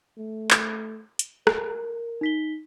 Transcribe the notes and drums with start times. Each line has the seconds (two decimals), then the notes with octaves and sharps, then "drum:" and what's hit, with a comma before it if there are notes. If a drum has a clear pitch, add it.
0.18 A3
0.51 drum: clap
1.19 drum: hi-hat
1.47 A#4, drum: rim click
2.21 D#4 B6 G7